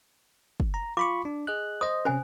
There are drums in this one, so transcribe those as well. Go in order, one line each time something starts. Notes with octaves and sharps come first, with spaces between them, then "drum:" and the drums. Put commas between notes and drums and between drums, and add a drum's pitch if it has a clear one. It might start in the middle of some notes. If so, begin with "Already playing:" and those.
drum: kick
A#5
F4 B5 C#6 D6
D4
G#4 D#5 F#6
C5 D#5 D#6
C3 C#4 C5 G#5